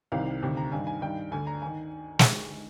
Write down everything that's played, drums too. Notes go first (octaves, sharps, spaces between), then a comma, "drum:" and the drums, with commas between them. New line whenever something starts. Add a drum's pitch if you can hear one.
C2 C3 D#3 F5
D2 C3 D#3
A#5
G2 D#3 G#5
G#5
G2 D#3 G5
D2 D3 G#5
A#5
D#3 G#5
drum: snare